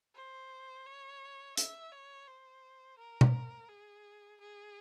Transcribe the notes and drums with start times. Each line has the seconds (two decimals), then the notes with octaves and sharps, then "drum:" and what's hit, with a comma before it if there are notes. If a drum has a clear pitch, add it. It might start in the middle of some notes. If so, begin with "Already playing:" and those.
0.15 C5
0.86 C#5
1.57 E5, drum: hi-hat
1.92 C#5
2.27 C5
2.98 A#4
3.21 drum: tom B2
3.69 G#4
4.40 G#4